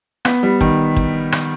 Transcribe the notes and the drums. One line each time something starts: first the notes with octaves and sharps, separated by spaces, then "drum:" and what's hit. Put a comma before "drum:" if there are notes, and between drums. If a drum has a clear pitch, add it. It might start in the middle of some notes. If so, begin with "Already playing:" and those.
B3, drum: rim click
G3
D#3, drum: kick
drum: kick
drum: rim click